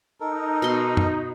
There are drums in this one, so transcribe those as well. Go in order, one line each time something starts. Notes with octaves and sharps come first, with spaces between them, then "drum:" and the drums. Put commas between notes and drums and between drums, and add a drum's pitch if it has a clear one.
D#4 A4 A#4
B2 C6
drum: tom